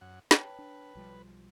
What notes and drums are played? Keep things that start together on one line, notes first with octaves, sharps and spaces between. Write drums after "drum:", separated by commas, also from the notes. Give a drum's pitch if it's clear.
F#2 F#5
B4 C#5 G5 A5, drum: snare
D4
B1 F3 G3